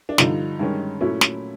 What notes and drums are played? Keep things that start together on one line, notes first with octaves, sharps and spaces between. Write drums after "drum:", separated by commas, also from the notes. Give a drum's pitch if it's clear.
D4
G2 D3 F3 D#4, drum: snare
G2 D#3 G#3 C#4
A#2 F#3 A3 C#4 E4
drum: snare